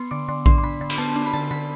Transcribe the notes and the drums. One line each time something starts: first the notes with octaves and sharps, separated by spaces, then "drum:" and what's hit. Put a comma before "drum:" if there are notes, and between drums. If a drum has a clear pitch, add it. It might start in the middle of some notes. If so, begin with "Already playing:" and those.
Already playing: B3 C6
D3 D6
D3 C6
D4 C6, drum: kick A#1
C6
D3 B5
D3
B5, drum: cymbal
B3 A5
D4
B5
D3 A5
D3 B5